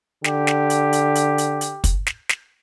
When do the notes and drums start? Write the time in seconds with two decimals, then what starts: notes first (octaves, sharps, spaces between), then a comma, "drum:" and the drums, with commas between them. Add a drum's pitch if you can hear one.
0.24 D3 G4, drum: snare
0.47 drum: snare
0.70 drum: hi-hat
0.93 drum: hi-hat
1.15 drum: hi-hat
1.38 drum: hi-hat
1.61 drum: hi-hat
1.84 drum: kick, hi-hat
2.06 drum: snare
2.29 drum: snare